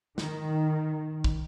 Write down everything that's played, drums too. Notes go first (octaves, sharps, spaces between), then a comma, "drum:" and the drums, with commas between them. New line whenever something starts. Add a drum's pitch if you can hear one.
D#3, drum: snare
drum: kick